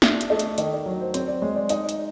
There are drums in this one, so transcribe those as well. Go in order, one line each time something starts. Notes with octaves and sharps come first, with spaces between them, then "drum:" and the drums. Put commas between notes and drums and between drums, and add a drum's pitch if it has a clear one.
D4 E5, drum: snare
drum: hi-hat
A3 D#5
drum: hi-hat
D#3 D#5, drum: hi-hat
D5
F#3 C#5
C5
C4 C#5, drum: hi-hat
D5
G#3 C#5
D5
D#4 D#5, drum: hi-hat
drum: hi-hat